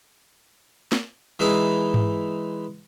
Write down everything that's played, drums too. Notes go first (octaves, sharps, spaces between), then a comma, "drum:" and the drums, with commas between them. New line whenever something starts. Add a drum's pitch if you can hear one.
drum: snare
E3 G#3 D#4 E4
drum: tom G#2